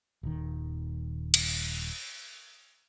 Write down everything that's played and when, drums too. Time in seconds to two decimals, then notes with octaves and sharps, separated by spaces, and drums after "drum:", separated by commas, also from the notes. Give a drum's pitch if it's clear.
0.23 D#1 D#3
1.34 drum: cymbal